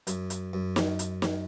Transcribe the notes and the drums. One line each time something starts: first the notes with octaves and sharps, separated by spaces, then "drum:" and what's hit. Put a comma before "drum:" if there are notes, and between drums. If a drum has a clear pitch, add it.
F#2, drum: hi-hat
drum: hi-hat
F#2
drum: snare
drum: hi-hat
drum: snare